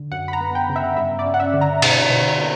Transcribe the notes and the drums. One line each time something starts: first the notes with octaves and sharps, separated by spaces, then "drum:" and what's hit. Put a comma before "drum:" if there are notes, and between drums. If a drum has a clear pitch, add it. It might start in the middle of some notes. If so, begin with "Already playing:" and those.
Already playing: D3
F#2 F#5
B5
A#5
B3
G5
C#3
E5
G2 E5
D5
C#4
F#5
E5
D3
A#5
B2, drum: cymbal
B2
A#3